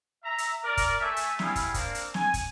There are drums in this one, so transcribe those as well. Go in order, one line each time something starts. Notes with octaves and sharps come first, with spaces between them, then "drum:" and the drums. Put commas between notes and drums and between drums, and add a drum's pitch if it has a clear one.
E5 A#5
drum: hi-hat
A#4 D5
drum: kick, hi-hat
A3 E5 G#5
drum: hi-hat
G3 C4 E4 F5 G#5 D#6, drum: snare
drum: kick, hi-hat
A#3 C4 D4, drum: kick, hi-hat
drum: hi-hat
G#5, drum: snare
drum: kick, hi-hat